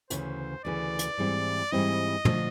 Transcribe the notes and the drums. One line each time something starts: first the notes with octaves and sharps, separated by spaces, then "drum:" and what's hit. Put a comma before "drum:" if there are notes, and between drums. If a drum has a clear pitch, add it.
D2 C#3 E3 C5, drum: hi-hat
D2 C#3 E3 D5
drum: hi-hat
G#2 E3 G3 C4 E4
G#2 E3 G3 C4 E4 D#5
D3 F3 A3, drum: tom